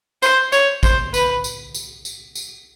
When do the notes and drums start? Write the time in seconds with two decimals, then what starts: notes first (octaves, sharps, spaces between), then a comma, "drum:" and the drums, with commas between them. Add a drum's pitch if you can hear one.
0.22 C5, drum: tambourine
0.52 C#5, drum: tambourine
0.83 C5, drum: kick A1, tambourine
1.14 B4, drum: tambourine
1.44 drum: tambourine
1.75 drum: tambourine
2.05 drum: tambourine
2.35 drum: tambourine